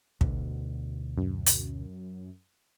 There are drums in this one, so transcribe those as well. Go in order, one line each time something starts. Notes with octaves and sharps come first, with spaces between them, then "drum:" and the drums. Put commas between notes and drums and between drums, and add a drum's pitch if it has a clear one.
D2 B2 D3, drum: kick
F#2
drum: hi-hat